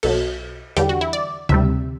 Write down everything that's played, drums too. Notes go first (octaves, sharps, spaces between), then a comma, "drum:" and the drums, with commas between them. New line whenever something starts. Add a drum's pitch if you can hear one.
B1 B2 F#3 A4, drum: cymbal
E2 D3 G3 G4, drum: hi-hat
F#4
E4
D5
D2 C3 G3 E5, drum: tom C#3